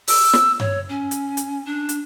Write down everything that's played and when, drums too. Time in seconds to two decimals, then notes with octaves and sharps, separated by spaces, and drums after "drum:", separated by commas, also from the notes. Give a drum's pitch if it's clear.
0.08 E6, drum: open hi-hat
0.33 drum: snare
0.60 C#5, drum: tom G2
0.89 C#4
1.11 drum: hi-hat
1.37 drum: hi-hat
1.66 D4
1.89 drum: hi-hat